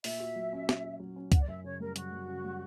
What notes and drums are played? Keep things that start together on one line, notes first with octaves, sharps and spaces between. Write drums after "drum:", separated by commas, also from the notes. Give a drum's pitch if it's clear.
A#2 E5, drum: open hi-hat
F#4
F#3
C#4
A#2, drum: snare
F#4
F#3
C#4
F#2 F#5, drum: kick C#2, hi-hat
D5
F#2 E5
C#3 C#5
G3 A#4
F#2 F#4, drum: hi-hat
F#2
C#3
G3